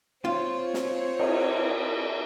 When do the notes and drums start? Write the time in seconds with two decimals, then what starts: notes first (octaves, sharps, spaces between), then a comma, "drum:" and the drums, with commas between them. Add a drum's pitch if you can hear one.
0.25 C4 F4 C#5
0.74 drum: snare
1.19 drum: cymbal